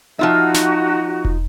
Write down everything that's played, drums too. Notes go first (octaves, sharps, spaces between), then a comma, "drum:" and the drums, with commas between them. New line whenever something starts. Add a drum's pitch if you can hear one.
F3 D#4 F4 F#4 E5
drum: snare
drum: kick E1